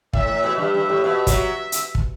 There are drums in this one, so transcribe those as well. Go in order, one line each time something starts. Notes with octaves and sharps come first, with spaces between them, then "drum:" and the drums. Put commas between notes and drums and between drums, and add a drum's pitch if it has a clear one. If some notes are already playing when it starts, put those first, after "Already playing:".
A2 E5, drum: kick
A2
B2
G2 E5
G2
A2
B2 E5
F#3, drum: kick, hi-hat
drum: hi-hat
drum: kick